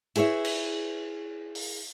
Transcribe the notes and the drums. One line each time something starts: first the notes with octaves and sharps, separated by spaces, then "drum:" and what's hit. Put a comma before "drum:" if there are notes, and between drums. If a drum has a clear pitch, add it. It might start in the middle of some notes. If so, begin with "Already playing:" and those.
E4 G#4 B4 C#5 E5, drum: cymbal
drum: cymbal
drum: open hi-hat